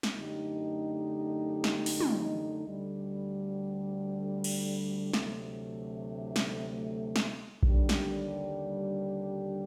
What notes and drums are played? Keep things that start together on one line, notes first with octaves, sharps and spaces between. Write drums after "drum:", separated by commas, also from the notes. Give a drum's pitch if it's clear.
drum: snare
F#2 D3 A3 D#4 G4
drum: snare
drum: open hi-hat
drum: tom
D2 D3 G3
drum: cymbal
D2 C3 F#3 A3, drum: snare
drum: snare
drum: snare
D#2 D3 G3 D4 G4, drum: kick A#1
drum: snare